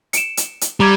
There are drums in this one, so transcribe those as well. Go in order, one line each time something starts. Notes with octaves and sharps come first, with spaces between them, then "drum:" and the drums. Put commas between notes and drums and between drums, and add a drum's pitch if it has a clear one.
C#7 D7 E7, drum: hi-hat
drum: hi-hat
drum: hi-hat
G3 A#5 D6 G#6